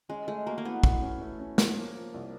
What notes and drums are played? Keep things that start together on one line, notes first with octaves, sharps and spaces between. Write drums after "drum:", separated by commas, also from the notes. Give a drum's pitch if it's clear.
G#3 C#4
G#3 A3
A#3 F#4
A#3
E3 B3
E3, drum: kick
C#4
A3
C#4
F3, drum: snare
A#3
F3
C2